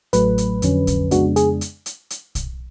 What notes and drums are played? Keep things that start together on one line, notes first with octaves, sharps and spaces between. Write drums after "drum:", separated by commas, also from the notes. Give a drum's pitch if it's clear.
A1 A2 F#3 A3 B4, drum: hi-hat
drum: hi-hat
F2 D3 F#3 C#4, drum: hi-hat
drum: kick, hi-hat
F2 C#3 G#3 B3 D4 F#4, drum: hi-hat
G#4, drum: hi-hat
drum: hi-hat
drum: hi-hat
drum: hi-hat
drum: kick, hi-hat